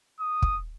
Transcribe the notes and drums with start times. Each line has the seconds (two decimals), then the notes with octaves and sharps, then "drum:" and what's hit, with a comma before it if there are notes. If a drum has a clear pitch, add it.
0.20 D#6
0.42 drum: kick